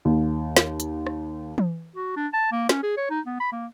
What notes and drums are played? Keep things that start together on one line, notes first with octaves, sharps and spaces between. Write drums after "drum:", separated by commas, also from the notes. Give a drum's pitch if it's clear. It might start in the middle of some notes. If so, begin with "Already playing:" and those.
D#2
drum: snare
drum: hi-hat
drum: rim click
drum: tom E3
F#4
D4
A5
A#3
C#4, drum: snare
G#4
C#5
D#4
B3
B5
A#3